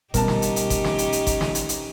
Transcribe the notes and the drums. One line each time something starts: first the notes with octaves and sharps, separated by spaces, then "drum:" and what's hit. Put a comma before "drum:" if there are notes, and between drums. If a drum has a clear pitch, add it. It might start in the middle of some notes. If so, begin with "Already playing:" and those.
B2 G3 B3 C#4 D#4 G4 A#4 A5, drum: kick G1, hi-hat
drum: snare
drum: hi-hat
drum: hi-hat
drum: kick G1, hi-hat
drum: snare
drum: hi-hat
drum: hi-hat
drum: kick G1, hi-hat
drum: snare
drum: hi-hat
drum: hi-hat